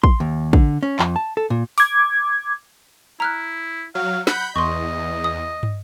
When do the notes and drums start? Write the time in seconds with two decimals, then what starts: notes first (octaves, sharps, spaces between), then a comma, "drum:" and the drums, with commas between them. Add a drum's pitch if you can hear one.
0.04 C6, drum: kick
0.20 D#2
0.53 D3, drum: kick
0.83 C#4
0.99 F2, drum: clap
1.16 A5
1.37 A4
1.50 A#2
1.78 D6 G#6, drum: open hi-hat
3.20 E4 A#5 F6 F#6
3.95 F#3 F5
4.27 F#5 B5 G6, drum: snare
4.56 E2 D#5 C6 C#6
5.24 D#6
5.63 drum: tom